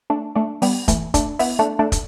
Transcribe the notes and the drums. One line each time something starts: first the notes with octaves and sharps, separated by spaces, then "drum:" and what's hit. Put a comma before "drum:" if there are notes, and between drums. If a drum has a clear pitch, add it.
A3 D4
A3 D4
G3 B3, drum: open hi-hat
E3 A3, drum: kick, hi-hat
A3 D4, drum: kick, hi-hat
B3 E4, drum: open hi-hat
A3 D4
A3 D4
drum: kick, hi-hat